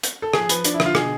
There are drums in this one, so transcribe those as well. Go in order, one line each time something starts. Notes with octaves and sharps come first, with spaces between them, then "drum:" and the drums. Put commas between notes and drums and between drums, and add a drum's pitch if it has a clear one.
drum: hi-hat
A4
F3 G#4, drum: rim click
F3 B4, drum: hi-hat
F3 D4, drum: hi-hat
E4
D3, drum: rim click
F4
B2 G#4, drum: rim click